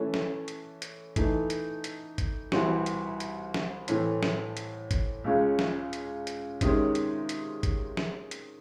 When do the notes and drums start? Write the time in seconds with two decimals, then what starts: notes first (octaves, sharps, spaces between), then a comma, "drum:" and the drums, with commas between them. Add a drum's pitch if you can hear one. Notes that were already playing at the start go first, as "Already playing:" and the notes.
Already playing: E3 A3 C#4
0.14 drum: snare
0.48 drum: hi-hat
0.82 drum: hi-hat
1.16 E3 A3 D#4, drum: kick, hi-hat
1.50 drum: hi-hat
1.84 drum: hi-hat
2.18 drum: kick, hi-hat
2.52 C2 C3 E3 C4 F#4, drum: snare
2.86 drum: hi-hat
3.20 drum: hi-hat
3.54 drum: snare
3.88 A2 E3 A3 C4, drum: hi-hat
4.23 drum: snare
4.57 drum: hi-hat
4.91 drum: kick, hi-hat
5.24 C#2 C#3 G#3
5.59 drum: snare
5.93 drum: hi-hat
6.27 drum: hi-hat
6.61 C3 D#3 G#3 C#4, drum: kick, hi-hat
6.95 drum: hi-hat
7.29 drum: hi-hat
7.63 drum: kick, hi-hat
7.97 drum: snare
8.31 drum: hi-hat